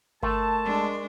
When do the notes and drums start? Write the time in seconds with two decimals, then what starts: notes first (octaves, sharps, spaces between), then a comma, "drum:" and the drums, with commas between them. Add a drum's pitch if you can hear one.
0.23 A3 A#4 A5 C6 C#6, drum: kick G1
0.64 G#3 D4